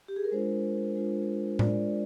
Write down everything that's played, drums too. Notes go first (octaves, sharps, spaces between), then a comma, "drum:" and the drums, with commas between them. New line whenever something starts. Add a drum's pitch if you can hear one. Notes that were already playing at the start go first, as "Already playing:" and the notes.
G4
G#4
A#4
G#3 D4 F4 C5
G#3 D4 F4
G#3 D4 F4 D5, drum: tom A2